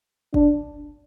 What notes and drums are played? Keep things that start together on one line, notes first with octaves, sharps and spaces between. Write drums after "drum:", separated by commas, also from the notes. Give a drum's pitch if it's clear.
D4, drum: kick